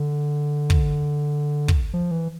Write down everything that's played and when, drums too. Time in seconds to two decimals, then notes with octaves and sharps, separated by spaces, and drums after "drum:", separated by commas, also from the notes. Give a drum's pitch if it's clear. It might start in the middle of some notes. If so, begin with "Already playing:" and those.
Already playing: D3
0.70 drum: kick
1.68 drum: kick
1.94 F3
2.11 E3